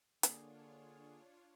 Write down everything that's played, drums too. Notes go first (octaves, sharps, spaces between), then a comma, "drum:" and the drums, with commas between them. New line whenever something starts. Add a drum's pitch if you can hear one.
D3 A#3 D4 F4 G#4 C#5, drum: hi-hat
G#4